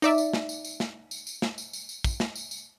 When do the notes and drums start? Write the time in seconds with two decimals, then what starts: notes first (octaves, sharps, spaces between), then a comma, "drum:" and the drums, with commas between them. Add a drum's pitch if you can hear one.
0.02 D#4 D5 E5, drum: tambourine
0.18 drum: tambourine
0.33 drum: snare
0.49 drum: tambourine
0.65 drum: tambourine
0.80 drum: snare
1.11 drum: tambourine
1.27 drum: tambourine
1.42 drum: snare
1.58 drum: tambourine
1.73 drum: tambourine
1.89 drum: tambourine
2.04 drum: kick, tambourine
2.20 drum: snare
2.36 drum: tambourine
2.51 drum: tambourine